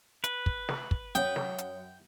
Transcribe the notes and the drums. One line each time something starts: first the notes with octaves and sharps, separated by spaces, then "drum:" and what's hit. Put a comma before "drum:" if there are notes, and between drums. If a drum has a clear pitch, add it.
B4, drum: hi-hat
drum: kick
drum: snare
drum: kick
F#2 C#5 F#5 G5 D#6, drum: hi-hat
drum: snare
drum: hi-hat